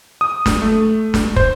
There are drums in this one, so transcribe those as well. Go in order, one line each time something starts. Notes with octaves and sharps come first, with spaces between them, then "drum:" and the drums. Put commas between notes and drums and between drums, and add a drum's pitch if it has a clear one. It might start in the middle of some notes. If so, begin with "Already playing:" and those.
D#6
drum: snare
A3
drum: snare
C5, drum: kick